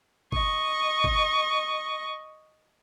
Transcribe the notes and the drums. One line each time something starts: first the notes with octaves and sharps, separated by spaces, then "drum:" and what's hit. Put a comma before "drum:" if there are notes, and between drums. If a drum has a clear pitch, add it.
D#5 C#6, drum: kick
drum: kick